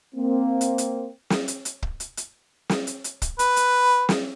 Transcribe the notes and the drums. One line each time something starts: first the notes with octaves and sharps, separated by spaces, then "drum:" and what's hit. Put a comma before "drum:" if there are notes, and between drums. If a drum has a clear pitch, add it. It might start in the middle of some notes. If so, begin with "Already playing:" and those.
A#3 C4
drum: hi-hat
drum: hi-hat
drum: snare
drum: hi-hat
drum: hi-hat
drum: kick
drum: hi-hat
drum: hi-hat
drum: snare
drum: hi-hat
drum: hi-hat
drum: kick, hi-hat
B4, drum: hi-hat
drum: hi-hat
drum: snare